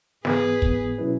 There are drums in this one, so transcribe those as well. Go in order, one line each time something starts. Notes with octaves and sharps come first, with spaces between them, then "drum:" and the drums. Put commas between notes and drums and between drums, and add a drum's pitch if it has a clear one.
G#2 E3 B3 G#4 B4, drum: snare
G#2 E3 B3, drum: kick
B2 F#3 C#4 E4 B4